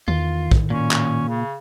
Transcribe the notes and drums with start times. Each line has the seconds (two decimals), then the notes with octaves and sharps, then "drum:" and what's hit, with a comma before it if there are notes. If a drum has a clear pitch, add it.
0.08 E2 D#3 F4
0.51 A2, drum: kick
0.70 A#2 C#4
0.91 drum: clap
1.29 C#3